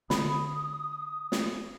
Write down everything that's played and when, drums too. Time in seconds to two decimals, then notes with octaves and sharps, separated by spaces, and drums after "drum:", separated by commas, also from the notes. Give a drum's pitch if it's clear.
0.10 D3 B5 D#6, drum: snare
1.32 drum: snare